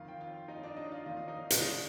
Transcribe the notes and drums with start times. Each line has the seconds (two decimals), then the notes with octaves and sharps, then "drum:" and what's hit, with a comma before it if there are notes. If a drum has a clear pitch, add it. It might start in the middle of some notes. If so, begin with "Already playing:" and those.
Already playing: F2 D#3 F4 F5
0.08 G5
0.21 F4 F5
0.48 D#4 D#5
0.63 D4 D5
0.77 D#4 D#5
0.91 F4 F5
1.06 F2 D#3 D#5
1.17 F5
1.28 D#4 D#5
1.50 drum: hi-hat
1.62 D4 D5